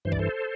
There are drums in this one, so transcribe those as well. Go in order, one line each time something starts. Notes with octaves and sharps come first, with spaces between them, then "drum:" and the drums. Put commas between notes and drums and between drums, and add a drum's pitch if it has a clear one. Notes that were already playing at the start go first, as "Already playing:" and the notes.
G2 E3 C5
D5, drum: kick
A4 C5